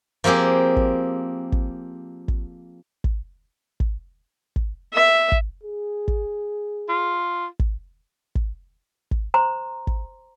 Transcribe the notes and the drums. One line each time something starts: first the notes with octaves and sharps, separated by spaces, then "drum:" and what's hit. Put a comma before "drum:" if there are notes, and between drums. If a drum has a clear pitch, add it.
F3 A#3 C4 G4 G#4
drum: kick
drum: kick
drum: kick
drum: kick
drum: kick
drum: kick
E5
drum: kick
G#4
drum: kick
F4
drum: kick
drum: kick
drum: kick
C5 A#5 C6
drum: kick